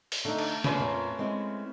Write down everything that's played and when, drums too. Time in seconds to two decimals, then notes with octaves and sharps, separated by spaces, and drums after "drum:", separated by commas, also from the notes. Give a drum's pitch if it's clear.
0.12 drum: open hi-hat
0.25 D3 A3 D#4
0.38 drum: cymbal
0.64 C#4 B4 D5 C6, drum: snare
0.80 F2 A#2 F3
1.19 G#3 C4 E4